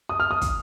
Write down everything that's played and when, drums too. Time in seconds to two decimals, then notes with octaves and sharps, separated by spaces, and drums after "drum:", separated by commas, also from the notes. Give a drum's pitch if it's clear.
0.09 D#6
0.20 F6
0.31 D#6
0.42 drum: kick, hi-hat